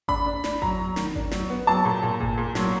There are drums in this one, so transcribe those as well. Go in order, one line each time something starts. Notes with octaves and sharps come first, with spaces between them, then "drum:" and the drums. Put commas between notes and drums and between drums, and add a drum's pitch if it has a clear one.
D4 B5, drum: kick G#1
D4
D4, drum: snare
F#3 A#5, drum: kick G#1
F#3
D#3, drum: snare
D4, drum: kick G#1
F#3, drum: snare
B3
F#3 A5
A#2
A#2
A#2, drum: kick G#1
A#2
F#3, drum: snare